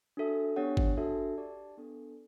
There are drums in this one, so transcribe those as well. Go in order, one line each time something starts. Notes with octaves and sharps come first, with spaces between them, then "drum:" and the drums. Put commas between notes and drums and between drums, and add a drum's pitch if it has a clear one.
D4 F#4 A4 E5
B3 D4 G4 C#5 F#5
drum: kick G1
D4 F#4 A4 E5 A5
G4 D5 A5
B3 D4 A4